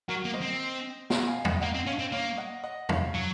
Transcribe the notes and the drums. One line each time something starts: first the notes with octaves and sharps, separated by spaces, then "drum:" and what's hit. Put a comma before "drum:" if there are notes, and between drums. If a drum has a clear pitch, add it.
F#3 F#4 A#4
A#3
C5 D#5
C4
D#5 F#5, drum: snare
F5 G#5
D#5 F#5, drum: tom E2
A#3 D#5 F#5
C4
C#4 C#5 F5
C4
A#3 C#5 F5
D#5 F#5
D#5 F#5
C#5 F5, drum: tom E2
F#3